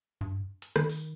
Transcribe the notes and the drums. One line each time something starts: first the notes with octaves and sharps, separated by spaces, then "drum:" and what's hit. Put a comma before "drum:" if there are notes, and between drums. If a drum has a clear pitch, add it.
G2
drum: hi-hat
D#3, drum: rim click
drum: open hi-hat